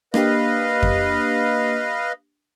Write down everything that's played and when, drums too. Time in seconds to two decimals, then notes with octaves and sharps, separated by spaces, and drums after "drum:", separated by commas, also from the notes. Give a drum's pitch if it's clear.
0.14 A#3 D4 G4 B4 D#5 F5, drum: rim click
0.82 drum: kick F2